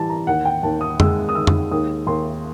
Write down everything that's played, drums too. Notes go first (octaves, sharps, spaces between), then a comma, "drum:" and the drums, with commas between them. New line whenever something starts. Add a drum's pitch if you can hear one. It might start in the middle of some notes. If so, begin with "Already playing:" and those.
Already playing: E3 G3 A5
A#5
D#2 F#5
G5
D#2 A5
D#6
G#3 E6, drum: tom F2
D#6
D#3 E6
drum: tom F2
D#2 D#6
D#2 C6